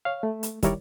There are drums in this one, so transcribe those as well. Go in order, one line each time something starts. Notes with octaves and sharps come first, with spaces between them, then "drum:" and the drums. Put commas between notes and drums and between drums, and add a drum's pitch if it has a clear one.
C#5 F5
A3
drum: hi-hat
D#3 G3 E4 A#4 C#5 D5, drum: kick, hi-hat